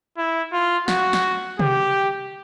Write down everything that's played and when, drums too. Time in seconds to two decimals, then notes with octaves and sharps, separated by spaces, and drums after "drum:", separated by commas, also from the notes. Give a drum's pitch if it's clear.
0.18 E4
0.53 F4
0.88 F#4, drum: snare
1.13 drum: snare
1.59 G4, drum: tom C3